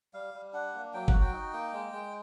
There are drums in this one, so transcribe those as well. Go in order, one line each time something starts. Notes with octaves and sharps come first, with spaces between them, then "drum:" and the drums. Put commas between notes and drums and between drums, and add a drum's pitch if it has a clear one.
G3 F5
G3
D4 F#5
A#3
F#3 G5
F#5, drum: kick G1
F#4
G5
D#4
A#3
G#3
G#3